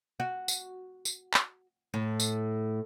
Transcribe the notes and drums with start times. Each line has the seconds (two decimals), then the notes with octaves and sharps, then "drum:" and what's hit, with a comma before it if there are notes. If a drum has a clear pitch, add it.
0.20 F#4
0.48 drum: tambourine
1.05 drum: tambourine
1.34 drum: clap
1.94 A2
2.20 drum: tambourine